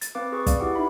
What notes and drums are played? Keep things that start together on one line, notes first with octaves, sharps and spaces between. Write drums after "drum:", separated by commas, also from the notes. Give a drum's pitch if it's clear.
A6, drum: hi-hat
C4 B4 F5 D6
G#4 B4 C#6
D5 F5, drum: kick, hi-hat
E4 G4 B4 F#5 D6
D#4 E5 B5